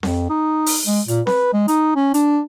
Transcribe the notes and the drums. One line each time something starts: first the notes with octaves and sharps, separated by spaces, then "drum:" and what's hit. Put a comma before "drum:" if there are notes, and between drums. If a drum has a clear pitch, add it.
F2, drum: snare C4
D#4
drum: open hi-hat
G#3
A#2, drum: hi-hat
B4, drum: snare C4
G#3
D#4, drum: hi-hat
C#4
D4, drum: hi-hat